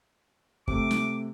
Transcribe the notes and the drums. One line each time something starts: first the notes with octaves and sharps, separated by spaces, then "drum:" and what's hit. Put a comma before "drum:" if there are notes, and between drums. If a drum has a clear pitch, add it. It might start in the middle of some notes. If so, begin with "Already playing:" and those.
C3 A3 D6, drum: kick
drum: snare